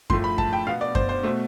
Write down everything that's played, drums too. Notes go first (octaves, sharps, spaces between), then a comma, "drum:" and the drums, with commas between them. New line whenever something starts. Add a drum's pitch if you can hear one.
A2 F3 A3 C6, drum: kick F#2
B5
A5, drum: kick F#2
G5
B2 B3 F5
D5
C5, drum: kick F#2
C5
B2 A3 C5